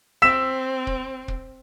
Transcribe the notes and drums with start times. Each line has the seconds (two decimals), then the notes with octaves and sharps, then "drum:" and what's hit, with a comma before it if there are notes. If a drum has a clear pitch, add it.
0.22 C4 E6 B6 E7
0.87 drum: kick
1.28 drum: kick